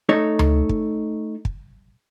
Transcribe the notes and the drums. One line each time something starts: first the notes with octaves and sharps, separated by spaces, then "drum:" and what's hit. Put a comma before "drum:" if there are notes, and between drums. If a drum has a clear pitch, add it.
A3 D#4 A4 C#5
drum: tom D2
drum: kick
drum: kick